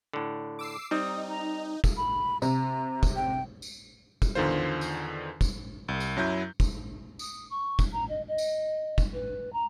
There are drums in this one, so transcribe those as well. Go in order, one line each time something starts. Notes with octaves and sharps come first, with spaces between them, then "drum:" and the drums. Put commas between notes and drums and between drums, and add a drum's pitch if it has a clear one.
A2 D3
D6 E6 C7
G3 C4 D#4 D#6
A#5
drum: kick, tambourine
B5
C3 A#5, drum: tambourine
drum: kick, tambourine
G5
drum: tambourine
drum: kick, tambourine
E2 D3 D#3 F4 C5
drum: tambourine
drum: kick, tambourine
C2
drum: tambourine
F#2 F#3 E4 G6
drum: kick, tambourine
D#6, drum: tambourine
C#6
drum: kick, tambourine
A#5
D#5
D#5
drum: tambourine
drum: kick, tambourine
B4
A#5